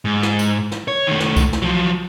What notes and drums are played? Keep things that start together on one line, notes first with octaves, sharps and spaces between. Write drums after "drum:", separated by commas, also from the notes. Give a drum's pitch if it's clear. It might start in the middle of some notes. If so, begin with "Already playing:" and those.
G#2
drum: snare
drum: tambourine
drum: snare
C#5
D#3 A3
drum: snare
drum: kick C2, tambourine
drum: snare
F3 F#3